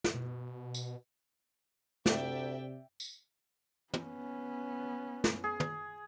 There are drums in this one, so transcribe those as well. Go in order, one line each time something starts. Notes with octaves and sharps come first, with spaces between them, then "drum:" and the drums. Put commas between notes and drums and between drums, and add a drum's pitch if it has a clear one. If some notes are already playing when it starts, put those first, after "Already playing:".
drum: snare
B2
drum: tambourine
D2 C3 D5 E5 G5, drum: snare
drum: tambourine
B3 C#4, drum: tom
drum: snare
G#4
drum: tom